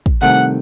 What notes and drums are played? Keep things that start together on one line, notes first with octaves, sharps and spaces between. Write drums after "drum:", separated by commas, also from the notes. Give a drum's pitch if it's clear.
drum: kick
C2 C3 D#3 A3 F#5